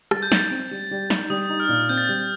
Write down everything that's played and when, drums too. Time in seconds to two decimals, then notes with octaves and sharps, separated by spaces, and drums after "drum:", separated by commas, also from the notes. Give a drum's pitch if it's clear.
0.11 G3 A6, drum: rim click
0.22 G6
0.32 D#4 A6, drum: snare
0.51 C4
0.71 G3
0.91 G3
1.10 D#4, drum: snare
1.30 G3 D#6
1.49 D#4
1.60 F6
1.69 A#2
1.89 C4 G6
1.97 A6
2.07 G3 G6